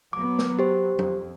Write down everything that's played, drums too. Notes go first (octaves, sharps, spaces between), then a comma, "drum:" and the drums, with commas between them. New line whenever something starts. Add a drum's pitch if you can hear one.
F#3 B3 D6
drum: snare
G4 C5
F2, drum: tom F#3